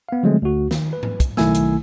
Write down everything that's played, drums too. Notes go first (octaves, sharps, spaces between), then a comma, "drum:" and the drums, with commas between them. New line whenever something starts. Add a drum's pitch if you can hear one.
B3 F5
D3 F3 F#3 G#3 A3 C4
D2 F#4
D#3, drum: snare
B4
drum: tom G#2
drum: kick, hi-hat
B1 D#3 A3 E4 G#5 E6, drum: snare
drum: hi-hat